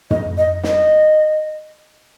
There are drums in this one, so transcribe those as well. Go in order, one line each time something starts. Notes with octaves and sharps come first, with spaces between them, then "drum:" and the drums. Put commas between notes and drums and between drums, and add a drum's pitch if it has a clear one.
D#5, drum: tom
D#5
D#5, drum: snare